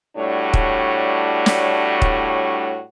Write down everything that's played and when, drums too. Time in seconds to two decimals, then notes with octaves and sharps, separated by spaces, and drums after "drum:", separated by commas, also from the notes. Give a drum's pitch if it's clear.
0.17 A2 G3 D4 F#4 C#5
0.54 drum: kick
1.46 drum: snare
2.02 drum: kick